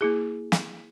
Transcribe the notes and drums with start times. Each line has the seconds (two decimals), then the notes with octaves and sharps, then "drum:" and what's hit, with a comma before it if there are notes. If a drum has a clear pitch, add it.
0.01 A#3 E4 G#4
0.52 drum: snare